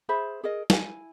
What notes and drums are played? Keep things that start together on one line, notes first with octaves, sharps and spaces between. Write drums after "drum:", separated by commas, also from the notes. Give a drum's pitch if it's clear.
G#4 C5 E5 B5
G#4 A#4 D#5
E4 G#5, drum: snare